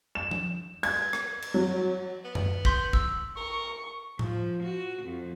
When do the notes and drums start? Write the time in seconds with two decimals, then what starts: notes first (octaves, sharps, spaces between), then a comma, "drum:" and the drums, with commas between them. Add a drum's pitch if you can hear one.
0.15 E7
0.31 drum: tom F3
0.83 G#6, drum: cymbal
1.13 drum: rim click
1.42 drum: cymbal
1.54 F#3
2.24 B3
2.35 drum: tom F#2
2.65 C6 G6 B6, drum: kick
2.93 E6, drum: kick
3.37 A#4 C#6
4.19 F3, drum: tom A2
4.64 F#4
5.03 F2